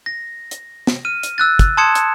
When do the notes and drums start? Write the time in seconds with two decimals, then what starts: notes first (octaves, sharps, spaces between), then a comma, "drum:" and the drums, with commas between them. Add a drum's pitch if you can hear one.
0.06 A#6
0.51 drum: hi-hat
0.87 drum: snare
1.05 F6 D#7
1.23 drum: hi-hat
1.38 E6 F#6 A6
1.59 drum: kick, hi-hat
1.77 A5 C6 D#6 G#6 C#7 E7
1.95 drum: hi-hat